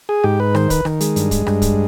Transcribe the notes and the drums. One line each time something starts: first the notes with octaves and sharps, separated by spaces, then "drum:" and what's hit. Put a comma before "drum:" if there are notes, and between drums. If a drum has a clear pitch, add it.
G#4
G#2 G4
B4
D#3 C5, drum: rim click
B4, drum: kick, hi-hat
D#3, drum: rim click
G#3, drum: hi-hat
G2, drum: hi-hat
drum: kick, hi-hat
G2, drum: rim click
drum: kick, hi-hat